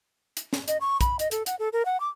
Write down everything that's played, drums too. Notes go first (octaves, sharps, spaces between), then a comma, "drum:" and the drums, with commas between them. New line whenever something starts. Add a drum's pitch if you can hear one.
drum: hi-hat
drum: snare
D#5, drum: hi-hat
C#6
B5, drum: kick, hi-hat
D#5, drum: hi-hat
A4, drum: hi-hat
F#5, drum: hi-hat
A4
A#4
F#5
D6